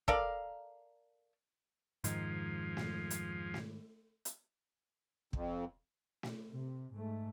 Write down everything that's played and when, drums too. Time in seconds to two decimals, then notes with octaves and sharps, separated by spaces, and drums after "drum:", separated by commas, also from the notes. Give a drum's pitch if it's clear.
0.08 A4 A#4 D5 F5, drum: kick
2.04 F2 G#2 D#3 F3 G#4, drum: hi-hat
2.77 drum: snare
3.11 drum: hi-hat
3.54 drum: snare
4.25 drum: hi-hat
5.33 F2, drum: kick
6.23 drum: snare
6.52 C3
6.94 G#2 A3